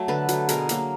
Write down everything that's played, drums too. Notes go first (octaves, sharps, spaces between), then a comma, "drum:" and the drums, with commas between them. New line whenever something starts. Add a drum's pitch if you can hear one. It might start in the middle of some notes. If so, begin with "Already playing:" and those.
Already playing: F#3 A3
D3 A4 B4
F#3 A3, drum: hi-hat
B2 G#4 A#4, drum: hi-hat
F#3 A#3, drum: hi-hat